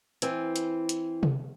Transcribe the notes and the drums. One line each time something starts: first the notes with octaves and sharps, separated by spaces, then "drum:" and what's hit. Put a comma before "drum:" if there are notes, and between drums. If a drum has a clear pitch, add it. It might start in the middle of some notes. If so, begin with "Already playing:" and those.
E3 C4, drum: hi-hat
drum: hi-hat
drum: hi-hat
drum: tom C3